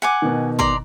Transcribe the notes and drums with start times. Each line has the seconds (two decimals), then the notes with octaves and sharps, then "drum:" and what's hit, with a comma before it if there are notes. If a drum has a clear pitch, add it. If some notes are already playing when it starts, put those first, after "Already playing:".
0.02 F#5 G#5 D6
0.22 B2 D#3
0.59 D5 A#5 C6, drum: kick